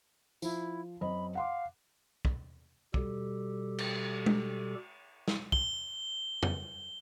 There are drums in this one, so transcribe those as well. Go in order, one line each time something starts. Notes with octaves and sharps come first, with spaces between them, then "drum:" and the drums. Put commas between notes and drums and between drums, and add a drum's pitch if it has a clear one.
F3 E4, drum: tambourine
F#2 C4 D#5 B5
F5 F#5 C6 D6
drum: kick
B2 G3 G4 A4, drum: kick
drum: cymbal
drum: tom G#3
drum: snare
G7, drum: kick
drum: tom F2